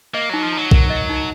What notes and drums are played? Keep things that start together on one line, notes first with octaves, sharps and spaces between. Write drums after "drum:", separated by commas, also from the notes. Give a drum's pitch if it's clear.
A#3 D#5
F#3 D#4
F3
F#3 A#5
A#4, drum: kick A#1
D#5
D#4